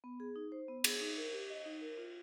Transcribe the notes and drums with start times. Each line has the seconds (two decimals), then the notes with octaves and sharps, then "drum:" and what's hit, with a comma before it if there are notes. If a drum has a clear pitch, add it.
0.04 B3
0.20 G#4
0.36 D#4
0.52 C5
0.68 B3
0.84 G#4, drum: cymbal
1.01 D#4
1.17 A#4
1.33 G4
1.50 D#5
1.66 D#4
1.81 A#4
1.98 F4